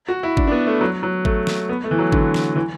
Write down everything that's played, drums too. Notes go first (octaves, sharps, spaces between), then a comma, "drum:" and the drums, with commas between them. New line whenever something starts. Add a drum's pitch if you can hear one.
F#4
E4
D4, drum: kick G#1
D4
B3
A3
F#3
F#3
A3, drum: kick G#1
drum: snare
B3
A3
E3
F#3
D3, drum: kick G#1
drum: snare
E3